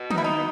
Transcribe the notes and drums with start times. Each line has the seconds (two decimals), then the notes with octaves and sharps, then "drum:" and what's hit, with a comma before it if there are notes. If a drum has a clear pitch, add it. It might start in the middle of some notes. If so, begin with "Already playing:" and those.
Already playing: B2
0.10 D#4, drum: tom
0.18 E4
0.24 D#4